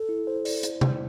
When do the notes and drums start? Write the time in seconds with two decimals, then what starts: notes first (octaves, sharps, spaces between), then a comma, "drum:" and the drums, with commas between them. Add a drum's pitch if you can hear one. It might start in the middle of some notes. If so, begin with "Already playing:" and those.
Already playing: A4
0.09 E4
0.27 C5
0.45 D5, drum: open hi-hat
0.63 drum: hi-hat
0.81 drum: tom C3